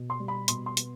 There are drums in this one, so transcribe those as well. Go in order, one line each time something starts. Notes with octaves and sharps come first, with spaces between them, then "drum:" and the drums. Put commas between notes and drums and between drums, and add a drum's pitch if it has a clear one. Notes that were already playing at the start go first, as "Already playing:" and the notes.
Already playing: B2
C6
G3
B5
B2 C6, drum: hi-hat
C6
B3, drum: hi-hat